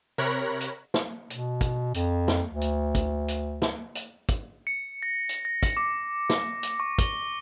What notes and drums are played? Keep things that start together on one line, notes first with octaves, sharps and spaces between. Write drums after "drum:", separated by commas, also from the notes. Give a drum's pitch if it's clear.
C3 A#4 C#5 B5 F#6 A#6
drum: hi-hat
drum: snare
B2, drum: hi-hat
drum: kick, hi-hat
F2, drum: hi-hat
drum: snare
D2
drum: hi-hat
drum: kick, hi-hat
drum: hi-hat
drum: snare
drum: hi-hat
drum: kick, hi-hat
C#7
A#6
drum: hi-hat
A#6
drum: kick, hi-hat
D6
drum: snare
drum: hi-hat
C#6
G7, drum: kick, hi-hat